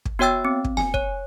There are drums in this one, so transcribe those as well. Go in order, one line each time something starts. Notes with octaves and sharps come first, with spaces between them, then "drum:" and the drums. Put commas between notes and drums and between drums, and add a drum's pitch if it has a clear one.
drum: kick
B3 F#4 C#5 G5 E6 A6
C4
drum: kick
G#5, drum: snare
C#5, drum: kick